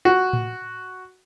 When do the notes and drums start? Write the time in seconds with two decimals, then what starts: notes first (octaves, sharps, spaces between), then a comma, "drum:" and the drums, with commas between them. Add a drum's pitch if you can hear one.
0.05 F#4
0.33 drum: tom A2